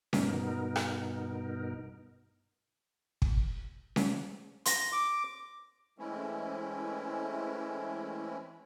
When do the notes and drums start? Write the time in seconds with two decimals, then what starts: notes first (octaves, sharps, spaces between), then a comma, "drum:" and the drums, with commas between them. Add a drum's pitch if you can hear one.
0.13 G2 B2 B3 D#4 A#4, drum: snare C#4
0.76 drum: rim click
3.22 drum: kick
3.96 drum: snare C#4
4.66 C6 A#6, drum: hi-hat
4.92 D6
5.98 E3 G#3 A3 C4 C#4 E4